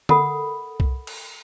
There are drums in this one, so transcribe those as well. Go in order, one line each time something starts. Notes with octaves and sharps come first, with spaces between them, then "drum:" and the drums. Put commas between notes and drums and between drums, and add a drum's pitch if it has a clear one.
A4 A#4 F#5 B5 D#6, drum: tom D3
drum: kick C2
drum: cymbal